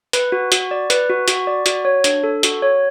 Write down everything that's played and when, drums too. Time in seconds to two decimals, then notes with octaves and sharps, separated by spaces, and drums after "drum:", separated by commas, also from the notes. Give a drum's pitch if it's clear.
0.13 B4, drum: hi-hat
0.32 F#4
0.52 F#4, drum: hi-hat
0.71 D5
0.90 B4, drum: hi-hat
1.10 F#4
1.28 F#4, drum: hi-hat
1.47 D5
1.66 F#4, drum: hi-hat
1.85 C#5
2.04 D4, drum: hi-hat
2.24 A4
2.43 F#4, drum: hi-hat
2.62 C#5